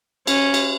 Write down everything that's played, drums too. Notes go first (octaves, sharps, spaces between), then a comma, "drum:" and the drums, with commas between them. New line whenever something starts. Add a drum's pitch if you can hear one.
C#4, drum: cymbal
drum: cymbal